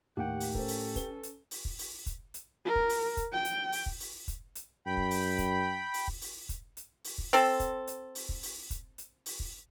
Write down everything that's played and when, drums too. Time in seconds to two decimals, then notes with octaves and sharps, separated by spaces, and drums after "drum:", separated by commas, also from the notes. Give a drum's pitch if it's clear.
0.17 D#2 A2 G4 F#5 G5
0.40 drum: open hi-hat
0.55 C#4 A4 A#4 C5, drum: kick
0.68 drum: open hi-hat
0.96 B4 G7, drum: kick, hi-hat
1.23 drum: hi-hat
1.51 drum: open hi-hat
1.65 drum: kick
1.79 drum: open hi-hat
2.06 drum: kick, hi-hat
2.34 drum: hi-hat
2.66 A#4
2.75 drum: kick
2.89 drum: open hi-hat
3.17 drum: kick, hi-hat
3.33 G5
3.45 drum: hi-hat
3.72 drum: open hi-hat
3.86 drum: kick
4.00 drum: open hi-hat
4.28 drum: kick, hi-hat
4.55 drum: hi-hat
4.86 F#2 G5 B5
4.97 drum: kick
5.11 drum: open hi-hat
5.38 drum: kick, hi-hat
5.94 drum: open hi-hat
6.08 drum: kick
6.21 drum: open hi-hat
6.49 drum: kick, hi-hat
6.77 drum: hi-hat
7.04 drum: open hi-hat
7.18 drum: kick
7.33 C4 A4, drum: open hi-hat
7.60 drum: kick, hi-hat
7.87 drum: hi-hat
8.15 drum: open hi-hat
8.29 drum: kick
8.43 drum: open hi-hat
8.70 drum: kick, hi-hat
8.98 drum: hi-hat
9.26 drum: open hi-hat
9.40 drum: kick